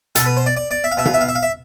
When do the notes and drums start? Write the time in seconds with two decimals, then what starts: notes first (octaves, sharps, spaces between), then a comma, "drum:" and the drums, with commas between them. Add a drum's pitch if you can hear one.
0.15 B2 A4, drum: hi-hat
0.26 B4
0.37 C5
0.46 D5
0.57 D5
0.71 D5
0.84 E5
0.92 F5
0.97 B2 E5
1.06 F5, drum: tom B2
1.14 E5
1.21 F5
1.29 E5
1.35 F5
1.43 E5